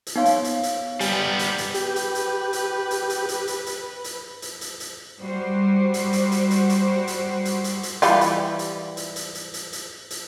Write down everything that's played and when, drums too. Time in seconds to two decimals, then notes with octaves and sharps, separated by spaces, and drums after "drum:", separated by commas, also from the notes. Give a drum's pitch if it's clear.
0.07 drum: hi-hat
0.16 B3 D#4 C#5 F5 C6
0.25 drum: hi-hat
0.44 drum: hi-hat
0.63 drum: hi-hat
1.01 G3 B3 G4 G#5, drum: hi-hat
1.39 drum: hi-hat
1.58 drum: hi-hat
1.74 G4 B4, drum: hi-hat
1.96 drum: hi-hat
2.15 drum: hi-hat
2.53 drum: hi-hat
2.91 drum: hi-hat
3.10 drum: hi-hat
3.29 drum: hi-hat
3.48 drum: hi-hat
3.66 drum: hi-hat
4.04 drum: hi-hat
4.42 drum: hi-hat
4.61 drum: hi-hat
4.80 drum: hi-hat
5.22 G3 F#4 C5
5.94 drum: hi-hat
6.13 drum: hi-hat
6.32 drum: hi-hat
6.51 drum: hi-hat
6.70 drum: hi-hat
7.07 drum: hi-hat
7.45 drum: hi-hat
7.64 drum: hi-hat
7.83 drum: hi-hat
8.02 E3 G3 F4, drum: hi-hat
8.21 drum: hi-hat
8.59 drum: hi-hat
8.97 drum: hi-hat
9.16 drum: hi-hat
9.35 drum: hi-hat
9.54 drum: hi-hat
9.73 drum: hi-hat
10.11 drum: hi-hat